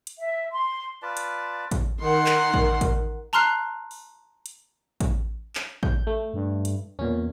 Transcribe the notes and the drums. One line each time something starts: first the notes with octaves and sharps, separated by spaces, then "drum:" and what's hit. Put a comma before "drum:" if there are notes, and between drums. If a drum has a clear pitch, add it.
drum: hi-hat
E5
C6
F4 B4 D5 A5
drum: hi-hat
drum: kick A1, hi-hat
D#3 F#5 C6
drum: clap
drum: kick A1
drum: kick A1, hi-hat
A5 A#5 C6 F6 F#6 C7
drum: open hi-hat
drum: hi-hat
drum: kick A1, hi-hat
drum: clap
G6, drum: kick A1
A3
G2
drum: hi-hat
E2 A#2 C#4